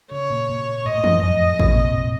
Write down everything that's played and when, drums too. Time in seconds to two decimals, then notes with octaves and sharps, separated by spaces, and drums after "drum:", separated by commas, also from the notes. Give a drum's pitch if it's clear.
0.11 C#3 C#5
0.30 A#2
0.49 A#2
0.85 A2 D#5
0.98 A2
1.04 F#2, drum: tom E3
1.23 F2 D#5
1.41 F2
1.59 C3, drum: kick A1
1.72 A#2
1.85 A2